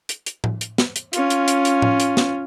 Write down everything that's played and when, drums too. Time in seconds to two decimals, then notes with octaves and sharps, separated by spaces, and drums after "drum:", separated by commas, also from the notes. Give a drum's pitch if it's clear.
0.09 drum: hi-hat
0.26 drum: hi-hat
0.44 drum: tom A2
0.61 drum: hi-hat
0.78 drum: snare
0.96 drum: hi-hat
1.13 C#4 F4, drum: hi-hat
1.30 drum: hi-hat
1.48 drum: hi-hat
1.65 drum: hi-hat
1.82 drum: tom A2
2.00 drum: hi-hat
2.17 drum: snare